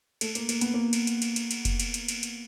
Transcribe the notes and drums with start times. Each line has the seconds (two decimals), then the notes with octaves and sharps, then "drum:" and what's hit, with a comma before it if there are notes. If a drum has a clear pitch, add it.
0.21 A3, drum: cymbal
0.35 A#3, drum: cymbal
0.49 A#3, drum: cymbal
0.61 B3, drum: cymbal
0.74 A#3
0.93 drum: cymbal
1.07 drum: cymbal
1.22 drum: cymbal
1.36 drum: cymbal
1.51 drum: cymbal
1.65 drum: kick F1, cymbal
1.80 drum: cymbal
1.94 drum: cymbal
2.08 drum: cymbal
2.23 drum: cymbal